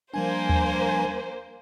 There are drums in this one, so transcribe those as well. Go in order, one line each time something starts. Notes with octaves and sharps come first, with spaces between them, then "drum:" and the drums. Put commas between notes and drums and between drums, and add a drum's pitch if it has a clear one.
F3 G3 A#3 D4 C5 G#5
drum: tom D#2